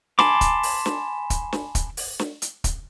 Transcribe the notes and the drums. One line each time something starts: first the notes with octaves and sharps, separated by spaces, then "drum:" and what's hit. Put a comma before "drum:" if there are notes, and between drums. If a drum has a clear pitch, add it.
G#5 A5 B5 C6 D6, drum: snare
drum: kick, hi-hat
drum: open hi-hat
drum: snare
drum: kick, hi-hat
drum: snare
drum: kick, hi-hat
drum: open hi-hat
drum: snare
drum: hi-hat
drum: kick, hi-hat